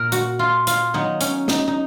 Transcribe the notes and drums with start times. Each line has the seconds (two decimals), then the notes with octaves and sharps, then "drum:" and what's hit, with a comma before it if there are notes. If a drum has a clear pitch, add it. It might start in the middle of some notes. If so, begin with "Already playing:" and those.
Already playing: A#2 A#4
0.12 F#4, drum: hi-hat
0.39 F4
0.67 F4, drum: hi-hat
0.94 D#3 F#3 B3 D#4
1.21 C#4, drum: hi-hat
1.48 D#4, drum: snare
1.68 D#4